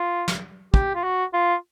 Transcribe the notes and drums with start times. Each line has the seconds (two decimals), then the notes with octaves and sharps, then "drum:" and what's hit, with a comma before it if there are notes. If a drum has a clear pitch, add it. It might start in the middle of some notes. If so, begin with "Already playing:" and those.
Already playing: F4
0.28 drum: snare
0.74 G4, drum: kick
0.95 F4
1.04 F#4
1.34 F4